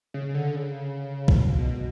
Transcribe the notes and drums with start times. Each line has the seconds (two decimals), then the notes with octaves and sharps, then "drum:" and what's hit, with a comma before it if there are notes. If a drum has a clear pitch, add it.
0.14 C#3
0.29 C#3
0.34 D3
0.56 C#3
1.28 drum: kick B1
1.38 B2
1.58 B2